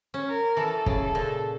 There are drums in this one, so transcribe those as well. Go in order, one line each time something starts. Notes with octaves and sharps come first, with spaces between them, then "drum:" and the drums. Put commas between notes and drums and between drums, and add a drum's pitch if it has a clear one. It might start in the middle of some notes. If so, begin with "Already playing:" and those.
C#4
A#4
E3 A4
C#3, drum: kick
A4
A#2